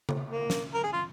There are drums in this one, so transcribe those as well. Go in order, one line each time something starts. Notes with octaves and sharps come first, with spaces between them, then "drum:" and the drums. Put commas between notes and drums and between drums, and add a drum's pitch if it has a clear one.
drum: tom C#3
A#3
drum: snare
A#4
G#4
F4